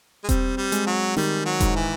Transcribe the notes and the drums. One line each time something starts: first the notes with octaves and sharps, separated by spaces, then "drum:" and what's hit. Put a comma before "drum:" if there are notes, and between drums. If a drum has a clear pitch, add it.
G#3
G3 C4, drum: kick E1, hi-hat
G3
G#3, drum: hi-hat
F#3
D#3 G3, drum: snare
F#3
G#2, drum: kick E1, hi-hat
E3